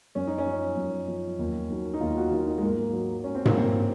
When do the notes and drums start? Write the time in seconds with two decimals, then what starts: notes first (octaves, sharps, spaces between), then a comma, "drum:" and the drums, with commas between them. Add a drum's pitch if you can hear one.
0.15 F#2 C#4
0.27 D#4
0.38 C#4
0.46 F3
0.77 F#2
1.08 F3
1.39 D#2
1.70 D#3 F#3
1.94 D#4
2.01 D#2 F4
2.17 F#4
2.31 D#3 F#3 F4
2.47 D#4
2.58 G#3
2.63 G#2 A#3
2.93 F#3
3.24 G#2 C#4
3.35 C4
3.45 A#3, drum: tom G#2
3.55 F#3 C4